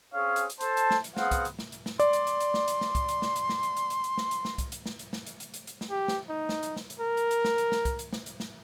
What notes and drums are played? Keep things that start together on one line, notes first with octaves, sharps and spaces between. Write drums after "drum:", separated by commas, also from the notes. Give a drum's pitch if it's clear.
C4 C#4 G#4 C#5 F5
drum: hi-hat
drum: hi-hat
A4 C5 A5, drum: hi-hat
drum: hi-hat
drum: snare
drum: hi-hat
B3 C4 G#4 F5 F#5, drum: snare
drum: kick, hi-hat
drum: hi-hat
drum: snare
drum: hi-hat
drum: snare
D5 C6, drum: hi-hat
drum: hi-hat
drum: hi-hat
drum: hi-hat
drum: snare
drum: hi-hat
drum: snare
drum: kick, hi-hat
drum: hi-hat
drum: snare
drum: hi-hat
drum: snare
drum: hi-hat
drum: hi-hat
drum: hi-hat
drum: hi-hat
drum: snare
drum: hi-hat
drum: snare
drum: kick, hi-hat
drum: hi-hat
drum: snare
drum: hi-hat
drum: snare
drum: hi-hat
drum: hi-hat
drum: hi-hat
drum: hi-hat
drum: snare
G4
drum: snare
D#4
drum: snare
drum: hi-hat
drum: snare
drum: hi-hat
A#4
drum: hi-hat
drum: hi-hat
drum: snare
drum: hi-hat
drum: snare
drum: kick, hi-hat
drum: hi-hat
drum: snare
drum: hi-hat
drum: snare